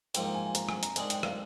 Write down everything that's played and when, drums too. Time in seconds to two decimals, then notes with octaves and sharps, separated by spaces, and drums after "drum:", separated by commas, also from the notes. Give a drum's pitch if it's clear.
0.15 G#2 F3 A#3 D#4 G5, drum: hi-hat
0.25 G5
0.34 G#5
0.46 G#5
0.55 A#5, drum: hi-hat
0.69 G#5, drum: rim click
0.83 A#5, drum: hi-hat
0.96 G#2 D#3 G#3 D4 G#4 G#5, drum: hi-hat
1.10 G5, drum: hi-hat
1.23 F5, drum: rim click